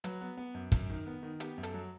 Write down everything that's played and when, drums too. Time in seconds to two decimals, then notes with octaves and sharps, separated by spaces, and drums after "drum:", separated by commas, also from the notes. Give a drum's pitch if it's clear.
0.04 F#3 B4, drum: hi-hat
0.21 B3
0.37 B3
0.54 F#2
0.72 F#2, drum: kick, hi-hat
0.90 D#3
1.06 B3
1.23 D#3
1.40 B3 G4, drum: hi-hat
1.58 F#2
1.63 A4, drum: hi-hat
1.74 F#3